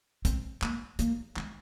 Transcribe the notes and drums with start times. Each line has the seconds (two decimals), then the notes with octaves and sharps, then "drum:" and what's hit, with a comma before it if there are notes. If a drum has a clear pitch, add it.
0.25 C4, drum: kick, hi-hat
0.62 A#3, drum: clap
0.99 A#3, drum: hi-hat
1.36 C4, drum: clap